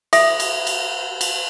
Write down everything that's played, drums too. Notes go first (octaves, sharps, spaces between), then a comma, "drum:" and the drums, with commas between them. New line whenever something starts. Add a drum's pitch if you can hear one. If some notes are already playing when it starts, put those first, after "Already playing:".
A4 E5, drum: cymbal
drum: cymbal
drum: cymbal
drum: cymbal